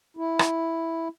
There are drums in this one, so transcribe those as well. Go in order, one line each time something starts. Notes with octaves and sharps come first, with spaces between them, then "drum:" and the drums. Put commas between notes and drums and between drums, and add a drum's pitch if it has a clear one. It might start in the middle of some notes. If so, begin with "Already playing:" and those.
E4
drum: rim click